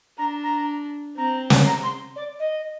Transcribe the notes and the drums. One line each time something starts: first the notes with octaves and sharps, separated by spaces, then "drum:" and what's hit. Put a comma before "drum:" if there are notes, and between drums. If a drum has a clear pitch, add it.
D4 A#5
A#5
C4 A#5
drum: snare
A#5
C6
D5
D#5